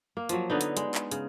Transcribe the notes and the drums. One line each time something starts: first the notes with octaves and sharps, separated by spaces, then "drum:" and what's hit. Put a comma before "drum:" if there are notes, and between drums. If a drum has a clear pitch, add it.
A#3
F3 F#3, drum: hi-hat
D3 B3 D#4
drum: hi-hat
G#3, drum: hi-hat
drum: clap
C#3, drum: hi-hat